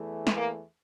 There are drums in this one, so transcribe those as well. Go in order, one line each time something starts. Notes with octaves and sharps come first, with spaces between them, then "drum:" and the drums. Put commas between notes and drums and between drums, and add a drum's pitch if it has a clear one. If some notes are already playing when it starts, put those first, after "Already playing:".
Already playing: E2 E3 A3
drum: snare
A#3